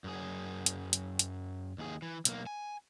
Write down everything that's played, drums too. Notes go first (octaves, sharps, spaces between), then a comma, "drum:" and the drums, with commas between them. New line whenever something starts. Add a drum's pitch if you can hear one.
F#2 G#4
drum: hi-hat
drum: hi-hat
drum: hi-hat
D#2 G#4
E3
B1 A#3, drum: hi-hat
G#5